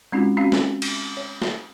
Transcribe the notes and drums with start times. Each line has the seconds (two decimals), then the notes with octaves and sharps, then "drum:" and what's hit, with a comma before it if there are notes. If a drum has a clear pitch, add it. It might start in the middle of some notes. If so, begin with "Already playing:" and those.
0.12 G#3 C4 C#4 D#4 F4 F#4
0.37 C4 C#4 F#4 F5
0.52 drum: snare
0.82 drum: cymbal
1.17 C#5
1.42 drum: snare